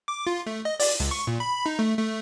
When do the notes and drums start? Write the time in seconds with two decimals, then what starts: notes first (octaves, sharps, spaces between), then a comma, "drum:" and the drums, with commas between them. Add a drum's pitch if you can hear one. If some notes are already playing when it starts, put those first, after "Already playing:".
0.08 D6
0.27 F4
0.46 A3
0.65 D#5
0.80 D5, drum: open hi-hat
1.00 C#2
1.11 C#6
1.27 A#2
1.40 B5
1.66 D#4
1.79 A3
1.98 A3